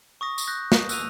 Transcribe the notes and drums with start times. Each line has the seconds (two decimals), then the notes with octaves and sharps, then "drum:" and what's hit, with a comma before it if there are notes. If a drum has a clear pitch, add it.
0.21 C#6 D#6 A#6
0.38 drum: tambourine
0.48 F#6 G6 A#6
0.72 D#6, drum: snare
0.89 E6 F#6 D#7 F7, drum: tambourine